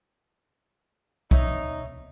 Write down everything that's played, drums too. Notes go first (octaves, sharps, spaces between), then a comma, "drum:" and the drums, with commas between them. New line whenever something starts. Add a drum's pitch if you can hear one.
D#4 C#5 E5, drum: kick